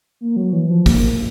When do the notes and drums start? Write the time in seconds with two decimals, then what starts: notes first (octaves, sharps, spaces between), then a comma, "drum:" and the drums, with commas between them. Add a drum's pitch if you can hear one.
0.21 A#3
0.36 F#3
0.53 E3
0.70 F3
0.86 A#3, drum: kick, open hi-hat